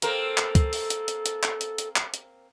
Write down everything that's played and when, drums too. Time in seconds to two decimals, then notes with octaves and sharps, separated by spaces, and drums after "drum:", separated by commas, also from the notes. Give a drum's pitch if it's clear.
0.02 A#3 C4 A4 A#4, drum: hi-hat
0.38 drum: clap
0.55 drum: kick, hi-hat
0.73 drum: open hi-hat
0.90 drum: hi-hat
1.08 drum: hi-hat
1.26 drum: hi-hat
1.43 drum: clap
1.61 drum: hi-hat
1.78 drum: hi-hat
1.96 drum: clap
2.14 drum: hi-hat